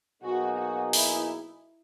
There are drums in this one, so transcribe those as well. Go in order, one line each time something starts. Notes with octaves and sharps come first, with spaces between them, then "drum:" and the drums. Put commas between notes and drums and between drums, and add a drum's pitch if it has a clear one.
B2 F#3 A#3 D#4 F#4 G#4
F#4
E4, drum: open hi-hat